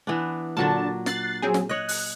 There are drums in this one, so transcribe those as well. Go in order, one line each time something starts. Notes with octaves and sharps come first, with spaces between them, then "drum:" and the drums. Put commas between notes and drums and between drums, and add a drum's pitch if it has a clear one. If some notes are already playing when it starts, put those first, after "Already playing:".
E3 B3 D4
A#2 D3 F#3 D4 A5
F#6 A6 C7, drum: snare
F#3 C4 G#4
drum: snare
C#5 D#5 F#6
drum: open hi-hat